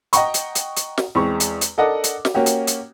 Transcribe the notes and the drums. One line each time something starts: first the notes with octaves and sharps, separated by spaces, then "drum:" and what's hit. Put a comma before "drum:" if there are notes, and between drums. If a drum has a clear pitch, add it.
D#5 F#5 G5 A#5 C#6, drum: hi-hat
drum: hi-hat
drum: hi-hat
drum: hi-hat
drum: snare
E2 G#3 C4 C#6
drum: hi-hat
drum: hi-hat
D4 A4 A#4 D#5 F#5 D6
drum: hi-hat
drum: snare
A#3 C#4 F#4 G4
drum: hi-hat
drum: hi-hat